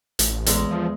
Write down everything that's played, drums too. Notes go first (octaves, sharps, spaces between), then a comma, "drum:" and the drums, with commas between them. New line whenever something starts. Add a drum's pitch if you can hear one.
A1, drum: hi-hat
E2 G#3, drum: hi-hat
F3